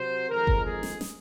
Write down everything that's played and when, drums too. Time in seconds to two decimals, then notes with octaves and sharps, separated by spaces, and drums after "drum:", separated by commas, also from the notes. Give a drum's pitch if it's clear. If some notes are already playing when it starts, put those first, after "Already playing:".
Already playing: C3 F#3 C5
0.30 F2 D#3 G#3 A#4
0.47 drum: kick G1
0.65 G#4
0.83 drum: snare
1.01 drum: snare